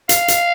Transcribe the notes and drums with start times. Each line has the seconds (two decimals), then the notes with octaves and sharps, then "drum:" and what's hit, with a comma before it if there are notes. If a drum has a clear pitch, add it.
0.09 F5, drum: hi-hat
0.28 drum: hi-hat